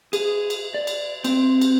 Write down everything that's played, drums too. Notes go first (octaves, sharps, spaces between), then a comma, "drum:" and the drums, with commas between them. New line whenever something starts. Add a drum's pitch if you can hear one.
G#4, drum: cymbal
drum: cymbal
D5
drum: cymbal
C4, drum: cymbal
drum: cymbal